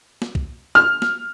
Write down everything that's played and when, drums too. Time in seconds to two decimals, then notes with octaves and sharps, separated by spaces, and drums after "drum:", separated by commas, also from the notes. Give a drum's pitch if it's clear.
0.22 drum: snare
0.35 drum: kick
0.75 F6, drum: snare
1.02 drum: snare